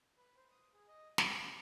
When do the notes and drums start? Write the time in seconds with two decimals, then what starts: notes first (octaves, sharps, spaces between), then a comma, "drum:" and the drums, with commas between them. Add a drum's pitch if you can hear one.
0.17 B4
0.37 C5
0.51 D#6
0.74 G#4
0.88 D#5
1.18 G#4, drum: snare
1.41 D4